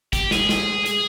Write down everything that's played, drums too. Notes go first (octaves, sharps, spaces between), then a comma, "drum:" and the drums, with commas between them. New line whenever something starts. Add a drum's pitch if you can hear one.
G4, drum: kick, hi-hat
G#4, drum: snare
G#4, drum: snare
G#4, drum: hi-hat